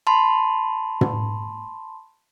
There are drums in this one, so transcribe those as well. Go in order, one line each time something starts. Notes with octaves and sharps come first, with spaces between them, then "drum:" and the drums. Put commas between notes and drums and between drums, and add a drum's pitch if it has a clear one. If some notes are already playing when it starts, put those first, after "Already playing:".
A5 B5 C6
drum: tom